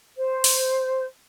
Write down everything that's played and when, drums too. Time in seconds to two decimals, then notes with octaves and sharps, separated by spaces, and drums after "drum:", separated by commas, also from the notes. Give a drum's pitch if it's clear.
0.17 C5
0.44 drum: open hi-hat